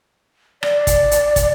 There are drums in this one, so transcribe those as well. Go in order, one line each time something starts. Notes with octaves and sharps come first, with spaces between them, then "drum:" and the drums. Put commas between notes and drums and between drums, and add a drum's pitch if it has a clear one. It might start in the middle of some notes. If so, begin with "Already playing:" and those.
D5, drum: rim click
drum: kick, hi-hat
drum: hi-hat
drum: kick, hi-hat